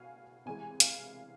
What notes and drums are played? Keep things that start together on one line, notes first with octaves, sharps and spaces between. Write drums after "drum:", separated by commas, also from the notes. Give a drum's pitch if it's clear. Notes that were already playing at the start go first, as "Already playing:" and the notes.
Already playing: B2 F5 G#5
C3 E3 G#3 G#5
F5, drum: hi-hat